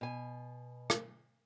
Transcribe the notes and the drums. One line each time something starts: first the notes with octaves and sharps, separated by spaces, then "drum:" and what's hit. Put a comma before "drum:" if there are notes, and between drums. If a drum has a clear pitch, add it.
B2 G#5
drum: rim click